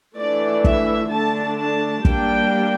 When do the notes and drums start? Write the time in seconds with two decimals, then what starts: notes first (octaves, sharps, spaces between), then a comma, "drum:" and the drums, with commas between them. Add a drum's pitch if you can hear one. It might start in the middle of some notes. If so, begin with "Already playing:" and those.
0.17 E3 A3 D4 D5
0.64 E5, drum: kick
1.11 D3 A3 D4 A5
1.58 A5
2.05 G3 A#3 D4 G5, drum: kick